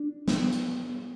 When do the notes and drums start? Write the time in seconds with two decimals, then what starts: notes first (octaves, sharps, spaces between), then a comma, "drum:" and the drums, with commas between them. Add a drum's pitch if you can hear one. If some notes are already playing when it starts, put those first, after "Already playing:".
Already playing: D4
0.28 B3, drum: snare
0.53 drum: hi-hat